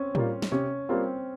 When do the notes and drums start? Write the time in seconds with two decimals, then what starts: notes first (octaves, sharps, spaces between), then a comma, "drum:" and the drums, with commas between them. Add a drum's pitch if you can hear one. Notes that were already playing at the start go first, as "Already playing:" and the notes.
Already playing: C4 C#4
0.15 G3 A#3 F4, drum: tom A2
0.42 drum: snare
0.52 C3 C#4
0.89 G3 A#3 C4 F4